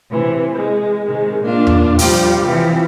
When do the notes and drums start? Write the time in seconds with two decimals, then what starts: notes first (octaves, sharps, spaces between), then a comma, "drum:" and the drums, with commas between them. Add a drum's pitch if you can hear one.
0.10 C3 E3
0.55 G#3
1.05 C3 D#3 G#3
1.43 A#2 A#3 D4 F4
1.67 drum: tom E2
1.99 C3 F3 G3 F4 G4, drum: open hi-hat
2.44 C3 E3 F3